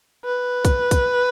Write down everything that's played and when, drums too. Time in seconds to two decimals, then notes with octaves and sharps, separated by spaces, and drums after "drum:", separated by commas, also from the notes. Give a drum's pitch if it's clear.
0.24 B4
0.65 drum: kick, hi-hat
0.91 drum: kick, hi-hat